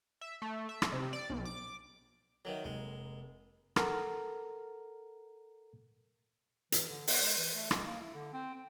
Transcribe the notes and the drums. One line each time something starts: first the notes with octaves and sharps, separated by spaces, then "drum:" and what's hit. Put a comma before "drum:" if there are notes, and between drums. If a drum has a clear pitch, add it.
E5
A3
E5
drum: rim click
C3
D5
B1
D6
D#3 F#3 A#4 B4 E5
F1 G#3 A#3
A4 A#4 F#5 A#5 F6, drum: rim click
E3, drum: hi-hat
D3
B3, drum: open hi-hat
G#3
E3
A3
C#2, drum: rim click
A#3
E4
D3
C4
C4